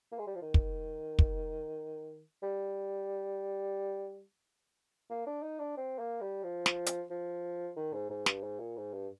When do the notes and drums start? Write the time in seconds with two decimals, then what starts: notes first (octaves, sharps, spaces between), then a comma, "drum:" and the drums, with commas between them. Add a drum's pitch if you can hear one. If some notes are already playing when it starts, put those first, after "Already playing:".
0.12 A#3
0.19 G#3
0.27 G3
0.35 F3
0.42 D#3
0.54 drum: kick
1.19 drum: kick
2.43 G3
5.10 A#3
5.27 D4
5.43 D#4
5.60 D4
5.77 C4
5.99 A#3
6.21 G3
6.44 F3
6.66 drum: snare
6.86 drum: hi-hat
7.11 F3
7.76 D#3
7.94 G#2
8.10 G#2
8.26 G2, drum: snare
8.43 G#2
8.60 A#2
8.77 G#2
8.93 G2